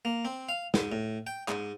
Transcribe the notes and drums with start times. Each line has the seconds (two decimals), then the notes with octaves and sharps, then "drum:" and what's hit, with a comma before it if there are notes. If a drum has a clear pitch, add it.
0.05 A#3
0.25 C4
0.49 F5
0.74 G#2, drum: snare
0.92 A2
1.27 G5
1.48 G#2, drum: clap